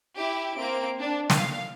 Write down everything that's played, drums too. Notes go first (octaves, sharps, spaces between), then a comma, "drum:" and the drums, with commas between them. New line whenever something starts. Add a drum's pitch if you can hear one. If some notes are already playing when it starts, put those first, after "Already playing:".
E4 G4
A#3 C4 D7
D4
F5, drum: snare